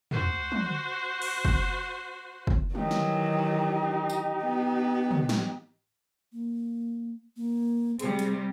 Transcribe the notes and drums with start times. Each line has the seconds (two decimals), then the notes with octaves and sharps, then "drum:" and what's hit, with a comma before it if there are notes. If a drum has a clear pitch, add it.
0.11 F#4 C5, drum: tom
0.52 drum: tom
1.22 drum: cymbal
1.45 drum: kick
2.47 drum: kick
2.75 D#3 E3 F#3 D#4 G4, drum: tom
2.91 drum: snare
4.10 drum: tambourine
4.42 B3
5.11 drum: tom
5.29 drum: snare
6.33 A#3
7.37 A#3
7.99 C3 G3 G#4, drum: hi-hat
8.19 drum: hi-hat